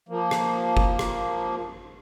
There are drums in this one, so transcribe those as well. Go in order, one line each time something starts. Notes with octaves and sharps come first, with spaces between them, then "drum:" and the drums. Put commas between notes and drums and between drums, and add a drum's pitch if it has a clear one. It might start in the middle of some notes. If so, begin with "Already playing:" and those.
F3 A#3
drum: rim click
drum: kick F#1
drum: rim click